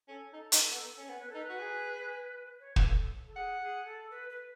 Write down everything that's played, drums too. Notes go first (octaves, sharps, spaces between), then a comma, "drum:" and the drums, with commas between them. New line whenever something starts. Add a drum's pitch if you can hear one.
C#4 A4
D#4 A4
D#4, drum: hi-hat
B3
C#4
B3 C#5
B4
D#4 A4
B4
F#4
G#4
C#5
B4, drum: kick
A4
A4
G#4 F#5
G#4
A4
B4
B4